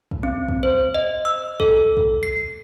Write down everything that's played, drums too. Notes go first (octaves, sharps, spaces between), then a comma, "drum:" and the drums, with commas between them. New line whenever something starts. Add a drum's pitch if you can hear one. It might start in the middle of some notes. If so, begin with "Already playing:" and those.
drum: kick
C4
drum: kick
C5
D#5
E6
A4, drum: kick
drum: kick
C7